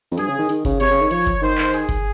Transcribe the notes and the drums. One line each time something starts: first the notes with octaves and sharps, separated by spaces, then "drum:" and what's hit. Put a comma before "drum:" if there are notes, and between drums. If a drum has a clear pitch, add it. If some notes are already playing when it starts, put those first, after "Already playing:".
F2
G2 G#4, drum: hi-hat
C#3
D#3
D#3, drum: hi-hat
C#3, drum: kick G1, hi-hat
C3 C#5, drum: hi-hat
C#3
D#3
F3 C#5, drum: hi-hat
drum: kick G1, hi-hat
D#3 C5
drum: clap
G#4, drum: hi-hat
drum: kick G1, hi-hat